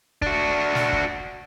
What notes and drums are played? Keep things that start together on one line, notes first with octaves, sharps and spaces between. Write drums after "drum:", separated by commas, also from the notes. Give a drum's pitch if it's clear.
D4 F#4, drum: kick
drum: snare
drum: kick